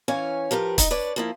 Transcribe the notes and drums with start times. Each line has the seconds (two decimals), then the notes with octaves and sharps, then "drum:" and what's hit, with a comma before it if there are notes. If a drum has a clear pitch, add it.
0.08 E3 C#4 C#5 F5 G#5
0.51 F3 G4 A#4 B4
0.78 D#4, drum: kick, hi-hat
0.91 D4 B4 C#5 D5
1.16 F3 A#3 E4